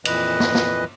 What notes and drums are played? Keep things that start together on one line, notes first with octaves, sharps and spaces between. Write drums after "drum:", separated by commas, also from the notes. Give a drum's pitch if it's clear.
F2 A#2 E3 B4 D#5, drum: cymbal
drum: snare
drum: snare